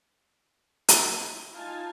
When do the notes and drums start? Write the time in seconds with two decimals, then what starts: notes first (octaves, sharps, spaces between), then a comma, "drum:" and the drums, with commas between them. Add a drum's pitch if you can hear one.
0.88 drum: hi-hat
1.00 E4
1.55 D#4 F4 F5 G#5 A5